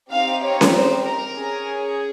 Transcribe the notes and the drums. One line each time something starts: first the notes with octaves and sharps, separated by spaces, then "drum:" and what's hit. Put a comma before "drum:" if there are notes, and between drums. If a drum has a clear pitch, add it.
C4 D#4 G4 F5
C#5
drum: snare C#4
C5
A#4
C#4 G#4